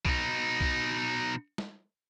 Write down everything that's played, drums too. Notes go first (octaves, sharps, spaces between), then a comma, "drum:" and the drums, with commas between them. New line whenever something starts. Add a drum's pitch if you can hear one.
B2 D#4, drum: kick
drum: kick
drum: snare